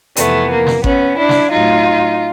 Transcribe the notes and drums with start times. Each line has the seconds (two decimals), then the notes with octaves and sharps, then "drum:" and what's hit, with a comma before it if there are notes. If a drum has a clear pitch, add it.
0.16 F2 C3 E3 A3 B3, drum: hi-hat
0.51 A#3
0.67 drum: snare
0.84 B3 C#4, drum: kick G#1
1.18 D4 E4
1.29 drum: snare
1.52 A2 F#3 D#4 F4